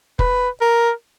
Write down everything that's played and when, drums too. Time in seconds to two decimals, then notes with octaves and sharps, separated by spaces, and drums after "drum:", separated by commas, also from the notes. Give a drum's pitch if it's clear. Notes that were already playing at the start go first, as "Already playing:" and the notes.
0.19 B4, drum: kick
0.61 A#4